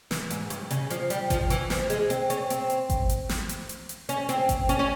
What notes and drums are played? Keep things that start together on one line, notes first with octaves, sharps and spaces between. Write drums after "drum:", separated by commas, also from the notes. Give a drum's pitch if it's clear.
E3, drum: snare
G#2, drum: hi-hat
G2, drum: hi-hat
C#3, drum: hi-hat
F3, drum: hi-hat
G3, drum: hi-hat
F3, drum: kick G#1, hi-hat
E3, drum: hi-hat
F3, drum: snare
G#3, drum: hi-hat
C4, drum: hi-hat
C#4, drum: hi-hat
C4, drum: hi-hat
drum: hi-hat
drum: kick G#1, hi-hat
drum: hi-hat
drum: snare
drum: hi-hat
drum: hi-hat
drum: hi-hat
C#4, drum: hi-hat
C4, drum: hi-hat
drum: kick G#1, hi-hat
C#4, drum: hi-hat
C#4